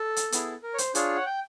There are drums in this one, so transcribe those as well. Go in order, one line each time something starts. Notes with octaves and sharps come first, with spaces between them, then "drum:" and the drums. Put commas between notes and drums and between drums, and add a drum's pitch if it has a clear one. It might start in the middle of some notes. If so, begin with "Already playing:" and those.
Already playing: A4
drum: hi-hat
B3 E4 G#4, drum: hi-hat
A#4
C#5
C5, drum: hi-hat
D4 F4 G#4 C#5, drum: hi-hat
F#5
G5